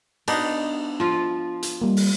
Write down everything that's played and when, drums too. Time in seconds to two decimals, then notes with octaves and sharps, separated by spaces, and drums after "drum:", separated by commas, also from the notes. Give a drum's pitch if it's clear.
0.28 B3 D4 D#4, drum: cymbal
1.00 F3 F4
1.63 drum: hi-hat
1.81 G3 A#3
1.97 drum: open hi-hat